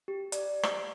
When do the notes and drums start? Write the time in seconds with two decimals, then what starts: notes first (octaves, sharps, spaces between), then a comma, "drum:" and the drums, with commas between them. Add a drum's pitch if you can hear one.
0.08 G4
0.32 D5, drum: hi-hat
0.63 drum: rim click